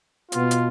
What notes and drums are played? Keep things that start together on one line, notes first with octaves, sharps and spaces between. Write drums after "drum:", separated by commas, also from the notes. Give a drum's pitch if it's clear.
B2 B3 F4, drum: hi-hat
drum: hi-hat